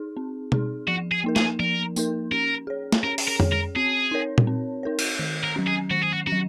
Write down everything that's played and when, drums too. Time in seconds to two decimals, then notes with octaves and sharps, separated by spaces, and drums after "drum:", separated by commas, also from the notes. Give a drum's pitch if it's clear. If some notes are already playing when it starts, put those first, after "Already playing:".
Already playing: D#4 G#4
0.17 C4
0.52 D#4 G#4, drum: tom B2
0.88 F3 F#4
1.12 G#4
1.24 A#3 D#4 A#4
1.36 G#4, drum: snare
1.60 F3 A#4
1.96 A#3 D#4 A#4, drum: tambourine
2.32 C#4 A#4
2.67 G#4 C#5
2.92 drum: snare
3.04 C#4 A#4
3.18 drum: open hi-hat
3.28 A#4
3.40 G#4 C#5, drum: tom F2
3.52 A#4
3.76 C4 G#4
4.11 D#4 A#4 C#5
4.38 drum: tom A#2
4.47 C4
4.83 D#4 A#4 C#5
4.99 drum: cymbal
5.19 D#3
5.43 A#4
5.56 F#3 C#4
5.67 G#4
5.91 D#3 F#4
6.02 G#4
6.13 F#4
6.27 C#4 F#4
6.32 F#3